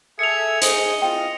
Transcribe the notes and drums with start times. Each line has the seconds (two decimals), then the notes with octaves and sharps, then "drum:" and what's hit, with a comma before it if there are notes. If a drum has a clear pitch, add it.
0.19 G#4 A4 E5 C#7 F7
0.62 G#4 C5 D#5, drum: hi-hat
1.02 C4 E4 F4 G5